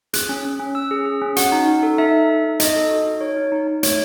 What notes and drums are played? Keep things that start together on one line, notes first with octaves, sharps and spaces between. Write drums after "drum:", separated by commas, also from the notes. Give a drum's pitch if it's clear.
G#4 F#6, drum: hi-hat
C#4
C#4
C#4
C#4 E6
G#4
G#4
C#4
F#4 F#5, drum: hi-hat
D#4
D#4
A4
D#4 E5
A4
D#4
D#4
D#4 D#5, drum: hi-hat
A4
F#4
D#4
D#4 C#5
D#4
D#4
D#4
A3 C#5, drum: hi-hat